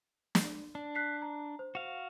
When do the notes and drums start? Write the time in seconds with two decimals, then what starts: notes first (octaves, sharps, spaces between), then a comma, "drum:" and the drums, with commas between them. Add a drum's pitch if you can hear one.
0.35 drum: snare
0.75 D4
0.95 F#6 B6 C7
1.22 A#5
1.59 C5
1.75 F#4 F5